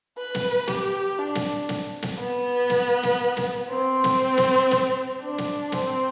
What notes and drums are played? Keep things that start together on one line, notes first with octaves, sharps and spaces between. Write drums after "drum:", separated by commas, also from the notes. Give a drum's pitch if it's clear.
B4
drum: snare
G4, drum: snare
D4
drum: snare
drum: snare
drum: snare
B3
drum: snare
drum: snare
drum: snare
C4
drum: snare
drum: snare
drum: snare
D4
drum: snare
C4, drum: snare